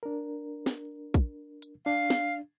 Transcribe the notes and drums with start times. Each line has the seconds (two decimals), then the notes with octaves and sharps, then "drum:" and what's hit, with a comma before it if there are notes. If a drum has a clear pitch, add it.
0.03 D4 A#4
0.66 drum: snare
1.14 drum: kick, hi-hat
1.62 drum: hi-hat
1.86 D4 F5
2.10 drum: snare